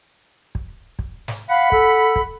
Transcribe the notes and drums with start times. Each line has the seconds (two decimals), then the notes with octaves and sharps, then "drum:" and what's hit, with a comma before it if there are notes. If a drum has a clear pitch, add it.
0.55 drum: kick
0.99 drum: kick
1.28 drum: snare
1.49 F5 F#5 B5
1.72 A4, drum: kick
2.16 drum: kick